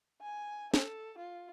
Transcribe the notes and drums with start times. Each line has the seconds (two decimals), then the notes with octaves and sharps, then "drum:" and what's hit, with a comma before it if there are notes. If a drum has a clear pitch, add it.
0.22 G#5
0.74 A4, drum: snare
1.18 F4